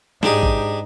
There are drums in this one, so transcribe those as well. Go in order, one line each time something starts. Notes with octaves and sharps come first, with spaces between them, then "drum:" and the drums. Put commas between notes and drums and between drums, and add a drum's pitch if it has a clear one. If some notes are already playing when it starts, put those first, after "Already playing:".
G#2 D4 D#4 G4 G#4, drum: snare
drum: kick A1